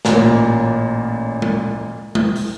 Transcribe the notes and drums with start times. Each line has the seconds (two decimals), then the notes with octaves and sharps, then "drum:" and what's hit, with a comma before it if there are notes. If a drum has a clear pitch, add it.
0.05 A1 A#2 A#3, drum: snare
1.42 drum: tom G#3
2.15 drum: tom G#3
2.36 drum: open hi-hat